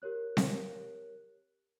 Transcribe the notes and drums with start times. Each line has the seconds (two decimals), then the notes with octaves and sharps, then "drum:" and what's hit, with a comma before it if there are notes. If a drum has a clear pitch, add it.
0.02 G4 A#4 C#5 F#6
0.37 drum: snare C4